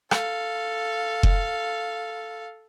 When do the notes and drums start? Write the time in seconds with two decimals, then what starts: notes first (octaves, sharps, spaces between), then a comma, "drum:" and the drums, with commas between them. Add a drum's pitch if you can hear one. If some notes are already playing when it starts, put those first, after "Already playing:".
0.11 A4 F5, drum: rim click
1.23 drum: kick F1